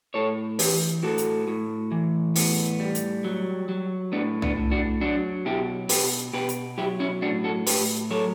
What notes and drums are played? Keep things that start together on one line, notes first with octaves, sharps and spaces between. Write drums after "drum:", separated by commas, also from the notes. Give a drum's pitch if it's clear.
A2 A4 C#5
E3 G4 B4, drum: open hi-hat
A2 F#4 A4
drum: hi-hat
A2
E3
A2 B3, drum: open hi-hat
G3
drum: hi-hat
F#3
F#3
A2 B3 D4
B3 D4, drum: tom C2
A2
D4 F#4
F#3 D4 F#4
B2 E4 G4
B2 G4 B4, drum: open hi-hat
B2 G4 B4
drum: hi-hat
F#3 E4 G4
C#4 E4
A2 D4 F#4
F#4 A4
A2 G4 B4, drum: open hi-hat
F#3 A4 C#5